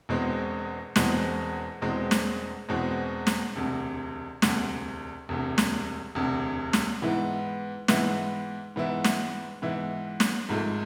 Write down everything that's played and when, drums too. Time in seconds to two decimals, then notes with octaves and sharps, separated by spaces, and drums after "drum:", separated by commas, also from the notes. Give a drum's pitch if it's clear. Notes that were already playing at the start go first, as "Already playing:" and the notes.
0.09 E1 E2 B2 G#3 C4
0.96 E1 E2 B2 G#3 C4, drum: snare
1.82 E1 E2 B2 G#3 C4
2.11 drum: snare
2.69 E1 E2 B2 G#3 C4
3.27 drum: snare
3.56 E1 D2 C3
4.42 E1 D2 C3, drum: snare
5.29 E1 D2 C3
5.58 drum: snare
6.15 E1 D2 C3
6.73 drum: snare
7.02 G#2 E3 B3 E4
7.88 G#2 E3 B3 E4, drum: snare
8.76 G#2 E3 B3 E4
9.04 drum: snare
9.62 G#2 E3 B3 E4
10.20 drum: snare
10.49 G#1 G#2 F3 A3